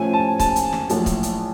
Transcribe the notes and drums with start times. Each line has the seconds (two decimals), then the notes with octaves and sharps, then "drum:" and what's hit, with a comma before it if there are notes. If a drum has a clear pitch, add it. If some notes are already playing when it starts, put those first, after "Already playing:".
Already playing: A2 F3 A3 C#4 G#5
0.13 A5
0.40 A5, drum: kick C#1, hi-hat
0.56 drum: hi-hat
0.73 drum: snare
0.89 A#1 A2 F#3, drum: hi-hat
1.06 drum: kick C#1, hi-hat
1.23 drum: hi-hat